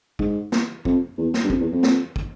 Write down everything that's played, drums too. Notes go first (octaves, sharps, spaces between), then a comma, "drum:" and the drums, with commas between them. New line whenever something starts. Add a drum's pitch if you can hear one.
G#2, drum: kick
drum: snare
F2, drum: kick
E2
drum: snare
G2
F2, drum: kick
E2
F2
drum: snare
drum: kick